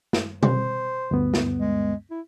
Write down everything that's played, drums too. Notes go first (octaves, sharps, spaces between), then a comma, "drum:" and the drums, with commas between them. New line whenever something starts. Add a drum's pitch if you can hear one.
drum: snare
C5, drum: tom
D2 G2 B3
drum: snare
G#3
E4